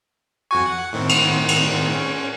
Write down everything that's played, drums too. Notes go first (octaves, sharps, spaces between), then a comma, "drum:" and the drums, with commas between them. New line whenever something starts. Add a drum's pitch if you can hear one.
F2 F#4 G#5 C#6
F#5
A2 D#3 C4
drum: cymbal
drum: cymbal
C#4